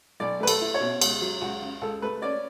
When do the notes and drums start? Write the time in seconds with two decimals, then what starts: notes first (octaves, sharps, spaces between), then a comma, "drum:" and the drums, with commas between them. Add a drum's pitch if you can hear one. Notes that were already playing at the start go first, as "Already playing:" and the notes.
0.20 B1 D5
0.40 A3 B4
0.47 A4, drum: cymbal
0.61 E4
0.74 C#5
0.80 B2
1.02 C#2, drum: cymbal
1.21 F#3
1.41 C#2 F#4
1.62 C#3
1.81 C#2 A4
2.02 A3 B4
2.22 C#4 D5